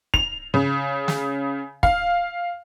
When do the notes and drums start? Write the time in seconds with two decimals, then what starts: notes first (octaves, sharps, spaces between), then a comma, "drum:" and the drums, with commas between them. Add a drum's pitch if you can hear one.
0.14 F7, drum: kick
0.54 C#3
1.08 drum: snare
1.83 F5, drum: kick